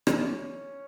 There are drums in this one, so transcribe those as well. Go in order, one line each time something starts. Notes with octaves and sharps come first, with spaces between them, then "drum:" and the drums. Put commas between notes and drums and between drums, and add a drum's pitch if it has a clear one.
C#4, drum: rim click